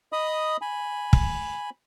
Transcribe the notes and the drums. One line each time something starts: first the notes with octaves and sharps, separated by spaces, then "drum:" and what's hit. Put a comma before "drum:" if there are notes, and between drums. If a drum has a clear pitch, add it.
D#5 B5 D#6
G#5 B5
drum: kick